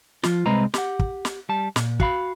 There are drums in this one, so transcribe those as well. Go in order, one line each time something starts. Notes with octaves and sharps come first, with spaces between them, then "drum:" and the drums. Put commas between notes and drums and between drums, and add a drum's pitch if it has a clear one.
F3 F4, drum: snare
C2 G#3 C4 B4 D#5 A#5
G4 F#5, drum: snare
drum: kick
drum: snare
G3 A5
A#2, drum: snare
F#4 F5 B5, drum: kick